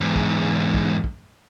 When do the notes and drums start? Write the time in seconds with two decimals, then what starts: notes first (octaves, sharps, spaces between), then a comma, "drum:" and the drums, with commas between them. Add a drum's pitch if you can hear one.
0.01 E2 G#2
0.15 drum: kick
0.74 drum: kick
1.04 drum: kick